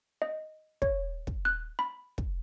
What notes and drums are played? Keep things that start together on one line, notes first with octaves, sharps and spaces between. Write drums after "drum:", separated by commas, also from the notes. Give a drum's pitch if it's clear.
D#5
C#5, drum: kick
drum: kick
F#6
B5
drum: kick